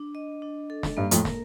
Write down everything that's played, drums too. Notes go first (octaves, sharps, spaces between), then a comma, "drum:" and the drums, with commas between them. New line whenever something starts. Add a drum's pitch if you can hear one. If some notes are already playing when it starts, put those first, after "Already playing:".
Already playing: D4
D#5
D4
A4
drum: snare
G2 A#3
F2 A2, drum: hi-hat
A#4, drum: snare